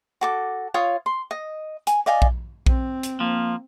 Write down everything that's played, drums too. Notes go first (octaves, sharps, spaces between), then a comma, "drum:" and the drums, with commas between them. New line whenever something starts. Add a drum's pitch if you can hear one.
F#4 A4 D6
F4 C#5 F5 D#6
C6
D#5
G#5, drum: hi-hat
D5 D#5 F5 G#5
drum: kick A#1
C4, drum: kick A#1
drum: hi-hat
F3 A#3